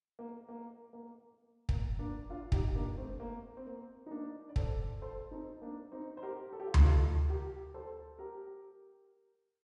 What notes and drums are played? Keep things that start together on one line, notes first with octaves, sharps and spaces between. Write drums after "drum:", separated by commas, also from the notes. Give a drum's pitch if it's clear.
A#3
A#3
A#3
A#3, drum: kick
A#3 D4
D4 F4
D#4 G4, drum: kick
A#3 D4
A3 C4
A#3
C4
A#3
D#4
A#3 D4
D5
A4 C5, drum: kick
A4 C5
C4 D#4
A#3 D4
C4 D#4
C5
G4 A#4
A4
G4
F4
D#4 G4, drum: tom D2
F4 A4
G4 A#4
A4 C5
G4 A#4